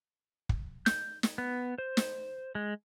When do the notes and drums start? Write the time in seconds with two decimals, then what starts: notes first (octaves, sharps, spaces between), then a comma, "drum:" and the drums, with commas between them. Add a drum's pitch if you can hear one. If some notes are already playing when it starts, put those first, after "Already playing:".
0.49 drum: kick
0.86 G6, drum: snare
1.23 drum: snare
1.38 B3
1.78 C5
1.97 drum: snare
2.55 G#3